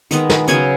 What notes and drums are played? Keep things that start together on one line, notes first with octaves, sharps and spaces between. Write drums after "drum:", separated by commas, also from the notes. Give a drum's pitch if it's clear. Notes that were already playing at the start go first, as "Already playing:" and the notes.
D#3 G#3 B3, drum: hi-hat
drum: snare
C#3 F#3 B3 G#5, drum: hi-hat